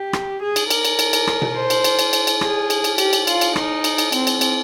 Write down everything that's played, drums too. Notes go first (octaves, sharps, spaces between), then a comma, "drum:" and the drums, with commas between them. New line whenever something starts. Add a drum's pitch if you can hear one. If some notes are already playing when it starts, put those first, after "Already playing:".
Already playing: G4
drum: rim click
G#4
drum: cymbal
A#4, drum: cymbal
drum: cymbal
drum: cymbal
drum: cymbal
drum: rim click
drum: tom B2
C5
drum: cymbal
drum: cymbal
drum: cymbal
drum: cymbal
drum: cymbal
G#4, drum: rim click
drum: cymbal
drum: cymbal
G4, drum: cymbal
drum: cymbal
F4, drum: cymbal
drum: cymbal
D#4, drum: rim click
drum: cymbal
drum: cymbal
C4, drum: cymbal
drum: cymbal
drum: cymbal